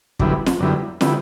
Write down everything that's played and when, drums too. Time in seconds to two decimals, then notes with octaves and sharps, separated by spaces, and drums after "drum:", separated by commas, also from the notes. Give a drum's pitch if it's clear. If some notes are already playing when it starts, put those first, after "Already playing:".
0.19 F#2 D3 G3 B3 E4, drum: kick
0.46 drum: snare
0.60 F#2 D3 G3 B3 E4
1.01 D3 G3 B3 E4, drum: snare